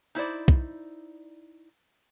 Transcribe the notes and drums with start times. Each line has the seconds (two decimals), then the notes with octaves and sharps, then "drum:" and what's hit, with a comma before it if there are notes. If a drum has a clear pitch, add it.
0.15 D#4 E4 C5 D5
0.48 drum: kick